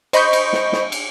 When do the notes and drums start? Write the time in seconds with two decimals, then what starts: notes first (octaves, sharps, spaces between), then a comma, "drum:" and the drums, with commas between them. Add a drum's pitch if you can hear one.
0.13 C5 D#5 B5 C#6 G6, drum: cymbal
0.33 drum: cymbal
0.53 drum: snare
0.72 drum: snare
0.92 drum: cymbal